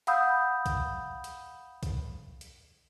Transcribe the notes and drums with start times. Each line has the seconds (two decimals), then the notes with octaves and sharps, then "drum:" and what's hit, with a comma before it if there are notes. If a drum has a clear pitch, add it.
0.07 F5 F#5 B5 D#6 E6 G6, drum: hi-hat
0.66 drum: kick B1, hi-hat
1.24 drum: hi-hat
1.83 drum: kick B1, hi-hat
2.41 drum: hi-hat